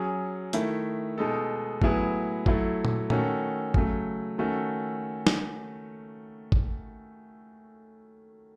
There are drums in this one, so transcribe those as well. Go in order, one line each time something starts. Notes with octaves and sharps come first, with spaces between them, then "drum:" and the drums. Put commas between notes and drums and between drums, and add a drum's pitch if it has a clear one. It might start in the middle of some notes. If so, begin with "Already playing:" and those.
Already playing: F#3 C#4 G#4
D#3 A3 E4, drum: hi-hat
B2 G#3 D#4 A4
A2 F#3 B3 E4 G#4, drum: kick G#1
F#3 A3 E4 A4, drum: kick G#1
drum: tom A#2
D#3 A3 C#4 F#4 A4, drum: tom A#2
C#3 F#3 A3, drum: kick G#1
D#3 A3 C#4 F#4 A4
drum: snare
drum: kick G#1